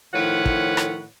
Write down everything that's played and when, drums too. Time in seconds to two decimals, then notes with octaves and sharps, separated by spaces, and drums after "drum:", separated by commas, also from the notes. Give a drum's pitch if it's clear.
0.14 A2 D#3 F3 B4 C#5 F#5
0.46 drum: kick
0.77 drum: rim click